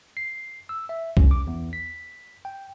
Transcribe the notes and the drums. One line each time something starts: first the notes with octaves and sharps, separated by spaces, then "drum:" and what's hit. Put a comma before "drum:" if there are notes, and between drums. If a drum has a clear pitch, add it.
C7
E6
E5
C#4, drum: kick C2
D6
E2
B6
G5